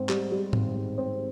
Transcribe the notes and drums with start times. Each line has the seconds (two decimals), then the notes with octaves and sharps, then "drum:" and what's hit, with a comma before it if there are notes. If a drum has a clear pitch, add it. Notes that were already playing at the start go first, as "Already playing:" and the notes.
Already playing: G#2 C4
0.09 G3, drum: clap
0.32 G3
0.53 G#1, drum: tom A2
0.75 G#1
0.98 C4